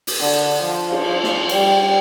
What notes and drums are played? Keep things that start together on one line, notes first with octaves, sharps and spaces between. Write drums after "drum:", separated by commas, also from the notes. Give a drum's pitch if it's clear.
drum: open hi-hat
D3
F3
drum: cymbal
drum: snare
G3, drum: cymbal